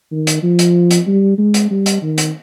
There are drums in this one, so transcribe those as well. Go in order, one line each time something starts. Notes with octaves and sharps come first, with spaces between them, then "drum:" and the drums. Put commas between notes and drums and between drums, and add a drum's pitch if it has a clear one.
D#3
drum: hi-hat
F3
drum: hi-hat
drum: hi-hat
G3
G#3
drum: hi-hat
G3
drum: hi-hat
D#3
drum: hi-hat